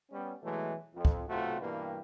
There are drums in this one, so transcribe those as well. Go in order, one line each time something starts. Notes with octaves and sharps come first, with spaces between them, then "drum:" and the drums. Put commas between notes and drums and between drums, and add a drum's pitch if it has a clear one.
G3 B3 C#4
B2 E3 F#3 G#3 A3
F2
drum: kick
B1 C3 A3 F4 F#4
G2 B2 E3 G3 A#3